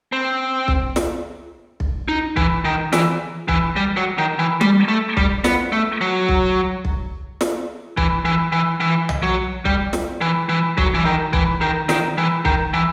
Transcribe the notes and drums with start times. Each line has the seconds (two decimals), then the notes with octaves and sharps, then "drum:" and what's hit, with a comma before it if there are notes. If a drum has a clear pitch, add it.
0.12 C4
0.68 drum: kick B1
0.96 drum: snare
1.80 drum: kick B1
2.09 D#4
2.37 E3, drum: kick B1
2.65 D#3
2.93 E3, drum: snare
3.48 E3, drum: kick B1
3.76 G3
3.97 F#3
4.18 D#3
4.39 E3
4.61 G3, drum: tom G3
4.88 A3
5.17 G3, drum: kick B1
5.44 B3, drum: snare
5.72 A3
6.01 F#3
6.29 drum: kick B1
6.85 drum: kick B1
7.41 drum: snare
7.97 E3, drum: kick B1
8.25 E3
8.52 E3
8.80 E3
9.09 drum: tom
9.23 F#3
9.65 G3, drum: kick B1
9.93 drum: snare
10.21 E3
10.49 E3
10.78 F#3, drum: kick B1
10.94 E3
11.05 D#3
11.33 E3, drum: kick B1
11.61 D#3
11.89 D#3, drum: snare
12.18 E3
12.45 D#3, drum: kick B1
12.74 E3